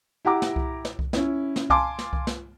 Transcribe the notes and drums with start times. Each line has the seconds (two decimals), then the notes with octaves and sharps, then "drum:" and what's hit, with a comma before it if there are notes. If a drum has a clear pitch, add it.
0.25 E4 G4 F#5 A#5 D6
0.42 drum: snare
0.56 drum: kick C2
0.85 drum: snare
0.99 drum: kick C2
1.13 C#4 E4, drum: snare
1.56 drum: snare
1.70 F5 G#5 A5 C6 D6, drum: kick C2
1.99 drum: snare
2.13 drum: kick C2
2.27 drum: snare